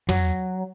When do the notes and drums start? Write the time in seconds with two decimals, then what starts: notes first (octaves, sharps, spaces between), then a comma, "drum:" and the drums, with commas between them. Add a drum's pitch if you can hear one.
0.09 F#3, drum: tom